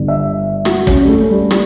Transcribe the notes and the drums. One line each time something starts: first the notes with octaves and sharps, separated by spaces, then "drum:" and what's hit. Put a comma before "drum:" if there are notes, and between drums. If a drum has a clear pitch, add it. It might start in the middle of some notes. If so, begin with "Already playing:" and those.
Already playing: G1 G2 D3
E5
F#4, drum: rim click
C#4, drum: kick
G3
A3
G3
G3, drum: rim click